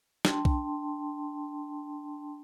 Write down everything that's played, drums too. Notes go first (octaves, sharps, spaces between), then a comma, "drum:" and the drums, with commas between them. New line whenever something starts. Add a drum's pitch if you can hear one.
D4 G5 A5 C6, drum: snare
drum: kick B1